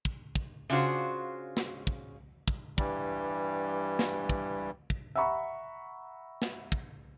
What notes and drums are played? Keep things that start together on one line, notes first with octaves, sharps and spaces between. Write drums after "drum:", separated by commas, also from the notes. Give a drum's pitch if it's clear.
drum: kick
drum: kick
C#3 D4 F4 F#4 C5
drum: snare
drum: kick
drum: kick
G2 E3 G3, drum: kick
drum: snare
drum: kick
drum: kick
E5 F#5 A#5 B5 C#6
drum: snare
drum: kick